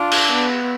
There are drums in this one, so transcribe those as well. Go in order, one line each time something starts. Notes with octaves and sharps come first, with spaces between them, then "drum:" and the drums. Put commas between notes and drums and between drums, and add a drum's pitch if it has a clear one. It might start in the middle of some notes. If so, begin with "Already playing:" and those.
Already playing: D4 F4
drum: cymbal
B3